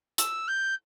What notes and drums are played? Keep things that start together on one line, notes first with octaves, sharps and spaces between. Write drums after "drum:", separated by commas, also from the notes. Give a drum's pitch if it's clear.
E6, drum: hi-hat
G6